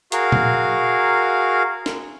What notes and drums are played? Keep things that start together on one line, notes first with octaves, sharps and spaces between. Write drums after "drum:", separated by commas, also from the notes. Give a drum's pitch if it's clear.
F#4 G#4 A#4 F5, drum: hi-hat
drum: tom A#2
drum: snare